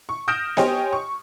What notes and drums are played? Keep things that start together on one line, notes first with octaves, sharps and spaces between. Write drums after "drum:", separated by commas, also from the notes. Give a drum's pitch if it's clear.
C#6
D#6 F6 G6 A#6 D7 E7
G4 C5 C#5 D#5 G5 G#5, drum: snare B3
C#6